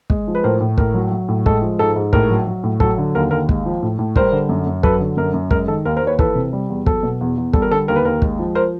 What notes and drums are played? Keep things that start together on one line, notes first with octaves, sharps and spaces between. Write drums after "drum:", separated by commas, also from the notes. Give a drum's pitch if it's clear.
G#3, drum: kick
F3
B4
A2 A#4 C5
A2
A2 A#4, drum: kick
F#3
F#3
A2
G#3 A4, drum: kick
F3
G#2 A4
G#2
A2 A#4, drum: kick
F#3
F#3
A2
F#3 A4, drum: kick
D3
D#2 A#4
D#2 A#4
G#3, drum: kick
F3
A2
A2
G3 A#4 C5, drum: kick
D3
F#2
F#2
F#3 A4 B4, drum: kick
D3
F#2 A#4
F#2
G#3 A#4, drum: kick
D#3 A4
D#2 A#4
A#4 C5
D#2
B4 C#5
E3 A4 B4, drum: kick
C3
G3
E2
F#3 A4, drum: kick
B2
E2
E2
G3 A4, drum: kick
A#4
D3 A4
D#2 A#4
B4
D#2 A#4
G#3, drum: kick
F3
A#4 C5